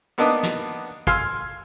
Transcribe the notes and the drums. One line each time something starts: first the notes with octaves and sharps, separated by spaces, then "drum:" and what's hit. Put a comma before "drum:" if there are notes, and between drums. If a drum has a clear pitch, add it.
A#3 B3 D4 D#4 D5 D#5
drum: snare
F5 G#5 C6 E6 F6, drum: kick